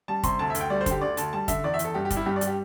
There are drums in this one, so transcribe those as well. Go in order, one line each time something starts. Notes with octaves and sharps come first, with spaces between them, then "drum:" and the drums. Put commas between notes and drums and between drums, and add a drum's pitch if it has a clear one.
G3 A5
C3 C6, drum: kick, hi-hat
D2 A5
E5
D2, drum: hi-hat
G5
G3 D5
C5
D3 G4, drum: kick, hi-hat
D2 D5
D2 A5, drum: hi-hat
G3 A5
D3 E5, drum: kick, hi-hat
E2 D5
E5
E2, drum: hi-hat
A4
G2 G4
G4
G3, drum: kick, hi-hat
E4
G2 G4
D5
G3, drum: hi-hat
G4